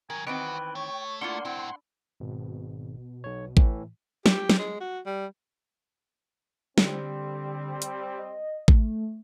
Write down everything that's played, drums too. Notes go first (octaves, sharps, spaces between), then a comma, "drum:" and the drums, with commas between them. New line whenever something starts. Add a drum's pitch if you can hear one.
D#3 F#3 A#4 G#5
D#3 E3 C4 B4 C#5 F#5 G5
A3 C#5
A#3 D4 E4 F4 F#5 C6
A2 C4 E4 G5
G#1 B2
B1 C#5
A2 E3, drum: kick A1
G4, drum: snare
drum: snare
G#3
F#4
G3
D3 G3 C4, drum: snare
drum: hi-hat
D#5
A3, drum: kick A1